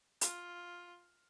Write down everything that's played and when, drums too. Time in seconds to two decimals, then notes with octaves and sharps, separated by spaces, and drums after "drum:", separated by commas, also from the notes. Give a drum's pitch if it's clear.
0.21 F4, drum: hi-hat